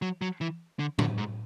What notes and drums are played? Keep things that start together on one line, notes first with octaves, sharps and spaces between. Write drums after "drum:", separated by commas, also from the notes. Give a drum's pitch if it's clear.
F#3
F#3
E3
D3
D3, drum: tom A2
G#2